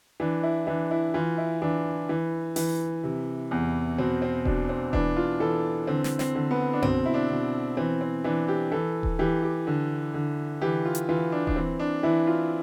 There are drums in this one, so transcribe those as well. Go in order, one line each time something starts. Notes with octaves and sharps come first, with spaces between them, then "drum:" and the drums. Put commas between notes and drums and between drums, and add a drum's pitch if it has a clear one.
E3 D4
E4
E3 D4
E4
E3 F4
E4
E3 D4
E3
E3, drum: open hi-hat
C3
E2
B2 C4
C4
B2 D4, drum: kick D#1
C4
E3 D4, drum: kick D#1
F4
E3 A4
D3 C4
drum: snare
C4, drum: snare
D3
B3
D4
B2 C4, drum: tom F#2
E4
D4
B2
E3 C4
C4
E3 D4
G4
E3 A4
drum: kick D#1
E3 G4
G4
D3
D3
E3 G4
F4
drum: hi-hat
E3 F4
D4
D4, drum: kick D#1
E3 C4
D4
E3 E4
F4